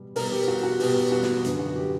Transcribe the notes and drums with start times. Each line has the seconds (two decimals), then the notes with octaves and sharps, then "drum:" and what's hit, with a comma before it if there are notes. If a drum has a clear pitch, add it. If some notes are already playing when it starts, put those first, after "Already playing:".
Already playing: B2 G3 B3
0.16 B2 G3 B3 A#4, drum: open hi-hat
0.32 G4
0.48 F#4
0.63 F#4
0.80 B2 G3 B3 G4, drum: open hi-hat
1.12 F#4
1.23 drum: snare
1.44 F#2 D3 F#3 B3, drum: hi-hat
1.59 F#4
1.76 G4